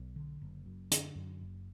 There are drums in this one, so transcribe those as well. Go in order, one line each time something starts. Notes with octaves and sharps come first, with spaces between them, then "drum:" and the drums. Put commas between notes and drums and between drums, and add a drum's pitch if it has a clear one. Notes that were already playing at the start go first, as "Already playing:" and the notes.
Already playing: B1
D3
F#1
F#2
D3, drum: hi-hat
F#2
F#1